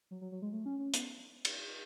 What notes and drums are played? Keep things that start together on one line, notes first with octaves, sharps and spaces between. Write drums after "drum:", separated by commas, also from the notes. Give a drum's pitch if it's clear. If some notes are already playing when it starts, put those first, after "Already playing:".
F#3
F#3
F#3
G#3
A3
C#4
C#4
B3, drum: hi-hat
drum: cymbal